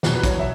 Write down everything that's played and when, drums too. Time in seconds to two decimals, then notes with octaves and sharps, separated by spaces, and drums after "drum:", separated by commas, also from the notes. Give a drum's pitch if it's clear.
0.03 E2 B2 F#3 B4, drum: snare
0.14 B4
0.23 C#5, drum: kick, hi-hat
0.39 E5